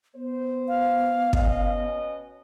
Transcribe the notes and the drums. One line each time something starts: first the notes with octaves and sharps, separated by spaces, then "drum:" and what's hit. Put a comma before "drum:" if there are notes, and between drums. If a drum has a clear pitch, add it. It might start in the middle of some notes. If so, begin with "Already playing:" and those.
B3 C5
F5
B2 C#4 D#5, drum: kick